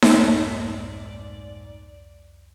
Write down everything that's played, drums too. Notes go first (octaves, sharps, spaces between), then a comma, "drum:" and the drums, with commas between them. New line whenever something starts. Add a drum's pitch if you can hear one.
drum: snare D#4
C2 F2 G#2 C#5 D5 G#5 B6